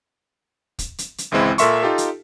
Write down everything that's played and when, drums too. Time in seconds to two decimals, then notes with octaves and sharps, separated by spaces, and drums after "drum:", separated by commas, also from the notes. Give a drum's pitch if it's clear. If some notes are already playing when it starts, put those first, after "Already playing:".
0.79 drum: kick, hi-hat
0.98 drum: hi-hat
1.18 drum: hi-hat
1.31 G#1 C#2 E3 G#3 C4 E4
1.58 A#2 A4 A#4 E5 C6 C#6, drum: hi-hat
1.83 D#4 F4 G4 A4
1.98 drum: hi-hat